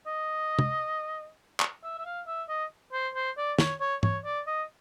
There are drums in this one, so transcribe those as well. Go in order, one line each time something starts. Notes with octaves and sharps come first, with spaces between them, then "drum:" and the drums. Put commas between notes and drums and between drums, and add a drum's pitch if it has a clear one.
D#5
drum: tom
drum: clap
E5
E5
F5
E5
D#5
C5
C5
D5
C#5, drum: snare
C#5
C#5, drum: tom G#2
D5
D#5